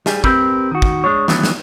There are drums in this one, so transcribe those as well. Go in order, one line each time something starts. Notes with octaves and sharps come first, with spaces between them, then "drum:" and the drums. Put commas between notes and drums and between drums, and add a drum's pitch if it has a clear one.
G3 G#4, drum: snare
C4 G4 A#4 B4, drum: kick
D#3 F#4
drum: kick
G#3 D4 C#5
D#3 E3 F#3 A3 B3 D4, drum: snare
drum: snare